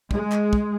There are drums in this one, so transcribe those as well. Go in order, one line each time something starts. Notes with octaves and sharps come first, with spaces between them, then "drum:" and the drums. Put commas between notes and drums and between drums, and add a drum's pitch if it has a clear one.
G#3, drum: kick
drum: clap
drum: kick